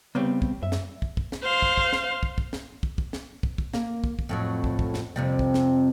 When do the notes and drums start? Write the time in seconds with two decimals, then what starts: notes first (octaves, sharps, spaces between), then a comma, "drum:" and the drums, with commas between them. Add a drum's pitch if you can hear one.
0.15 C#3 G3 B3 C4
0.42 drum: kick
0.63 F#2 E5
0.72 drum: snare
1.02 drum: kick
1.17 drum: kick
1.32 drum: snare
1.43 C5 F5
1.62 drum: kick
1.77 drum: kick
1.93 drum: snare
2.23 drum: kick
2.38 drum: kick
2.53 drum: snare
2.83 drum: kick
2.98 drum: kick
3.13 drum: snare
3.43 drum: kick
3.58 drum: kick
3.73 A#3, drum: snare
4.04 drum: kick
4.19 drum: kick
4.29 F2 A2 F#3
4.64 drum: kick
4.79 drum: kick
4.94 drum: snare
5.16 F2 C3 G3
5.39 drum: kick
5.54 drum: snare